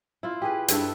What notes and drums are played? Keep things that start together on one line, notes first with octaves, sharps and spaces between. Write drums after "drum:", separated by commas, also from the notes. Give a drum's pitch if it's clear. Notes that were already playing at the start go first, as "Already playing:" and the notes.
E4 F4
G4 G#4 B4
G2 A4 B4 E5, drum: hi-hat